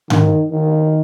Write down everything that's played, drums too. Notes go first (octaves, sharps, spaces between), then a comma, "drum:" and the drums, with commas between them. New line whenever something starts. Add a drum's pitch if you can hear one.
D#3, drum: tom G#2
D#3